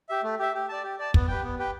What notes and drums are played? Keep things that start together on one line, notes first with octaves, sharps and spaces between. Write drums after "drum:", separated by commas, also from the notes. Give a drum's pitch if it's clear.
G4 E5
A3
G4 E5
G4
D5 A5
G4
D5 A5
B3, drum: kick
G4 B4 G5
B3
G4 B4 G5